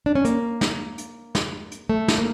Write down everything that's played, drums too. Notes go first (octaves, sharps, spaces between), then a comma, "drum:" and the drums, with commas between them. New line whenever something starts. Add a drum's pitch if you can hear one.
D4
C#4
A#3, drum: hi-hat
drum: snare
drum: hi-hat
drum: snare
drum: hi-hat
A3
drum: snare
A#3